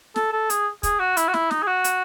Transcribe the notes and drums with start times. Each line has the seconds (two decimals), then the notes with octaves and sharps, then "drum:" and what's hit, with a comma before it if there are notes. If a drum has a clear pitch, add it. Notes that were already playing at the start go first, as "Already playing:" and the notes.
0.16 A4, drum: snare
0.33 A4
0.50 G#4, drum: hi-hat
0.83 G#4, drum: kick, hi-hat
1.00 F#4
1.17 E4, drum: hi-hat
1.28 F#4
1.34 E4, drum: snare
1.51 D#4, drum: snare
1.62 G#4
1.67 F#4
1.84 drum: hi-hat